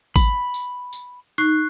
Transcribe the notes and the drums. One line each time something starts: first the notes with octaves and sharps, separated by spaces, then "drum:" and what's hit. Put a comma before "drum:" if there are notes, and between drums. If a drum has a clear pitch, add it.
B5, drum: kick G#1, tambourine
drum: tambourine
drum: tambourine
D#4 C#6 F#6 C7